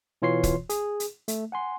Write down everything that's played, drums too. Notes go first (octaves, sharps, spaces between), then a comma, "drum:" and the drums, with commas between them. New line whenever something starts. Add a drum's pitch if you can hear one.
B2 E3 F4 C#5 C6 C7
drum: kick, hi-hat
G#4, drum: hi-hat
drum: hi-hat
A3, drum: hi-hat
F#5 G#5 C6